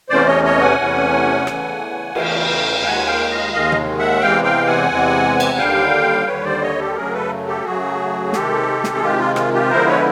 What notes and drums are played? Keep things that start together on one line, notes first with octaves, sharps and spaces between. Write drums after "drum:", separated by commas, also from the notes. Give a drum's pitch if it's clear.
E2 C3 E3 A3 C#4 C5 D5
C#5 D#5
C#5 D#5
F#5 G#5
E2 C3 E3 A3 C#4
E2 C#3 E3 A3, drum: rim click
E2 C#3 E3 A3 F5 G5, drum: cymbal
D#2 D#3 G#3 F#5 G#5
F5 G5
D#5 F5
D#2 D#3 G#3 D#5 F5
drum: tom
E5 F#5
E2 C3 E3 G#3 C4 F5 G5
F5 G5
F#5 G#5
E2 C3 E3 G#3 C4
drum: cymbal
D#2 D3 G3 F5 G5
D#2 D3 G3 B4 C#5
C5 D5
C#5 D#5
G4 A4
F#2 C#3 F#3 A3 G#4 A#4
A4 B4
G4 A4
F#2 C#3 F#3 A3 F#4 G#4
C3 D#3 G#3 G4 A4, drum: snare
drum: snare
G#4
C3 D#3 G#3 F4 G4
F4
F4, drum: rim click
F4 G4
D3 F3 G#3 B3 E4 A#4 C5
B4 C#5